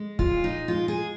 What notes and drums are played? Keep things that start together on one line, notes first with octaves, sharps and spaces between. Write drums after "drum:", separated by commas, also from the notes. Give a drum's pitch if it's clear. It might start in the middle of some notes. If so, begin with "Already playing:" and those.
Already playing: G#3
F4, drum: kick
A#2
D#4
G#3 F4
G#4